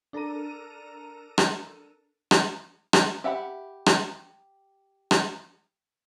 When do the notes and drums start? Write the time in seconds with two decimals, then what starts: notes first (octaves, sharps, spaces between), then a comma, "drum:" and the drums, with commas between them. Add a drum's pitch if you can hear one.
0.13 D4 A4 A#4 A#5 D#7
1.38 drum: rim click
2.31 drum: rim click
2.93 drum: rim click
3.24 G4 E5 F#5 G5 B5
3.86 drum: rim click
5.11 drum: rim click